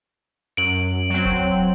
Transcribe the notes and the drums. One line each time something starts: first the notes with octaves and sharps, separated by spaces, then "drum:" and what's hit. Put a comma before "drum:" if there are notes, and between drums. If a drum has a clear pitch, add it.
F#2 D7 F#7
F#3 C4
drum: kick E1